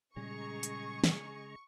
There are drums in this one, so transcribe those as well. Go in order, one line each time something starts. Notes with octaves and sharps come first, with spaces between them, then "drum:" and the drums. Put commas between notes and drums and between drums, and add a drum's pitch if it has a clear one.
A#2 C#3 G3 G#3 C#4 G#4 A#5 C#6
drum: hi-hat
drum: snare